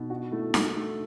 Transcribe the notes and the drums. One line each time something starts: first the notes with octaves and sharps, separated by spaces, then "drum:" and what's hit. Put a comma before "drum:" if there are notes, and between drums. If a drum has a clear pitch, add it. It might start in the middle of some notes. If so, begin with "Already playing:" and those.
Already playing: B2 D#4
D4 F#4
A3 E4
D4 F#4, drum: snare D#4
A3 D#4